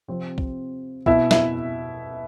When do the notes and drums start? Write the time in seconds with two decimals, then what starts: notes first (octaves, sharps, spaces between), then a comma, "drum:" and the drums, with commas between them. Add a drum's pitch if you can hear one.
0.08 C3 F3 C4 C5
0.38 drum: kick
1.06 B2 E4 E5, drum: kick
1.31 E4 E5, drum: snare